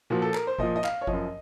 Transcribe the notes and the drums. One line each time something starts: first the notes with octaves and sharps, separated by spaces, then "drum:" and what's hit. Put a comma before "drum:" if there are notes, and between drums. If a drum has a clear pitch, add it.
A#2 F3 F#4
A4
A#4, drum: clap
C5
A#2 F3 D#5, drum: kick G1
D#5
F5, drum: clap
C#5
F3 D#5, drum: kick G1
F#2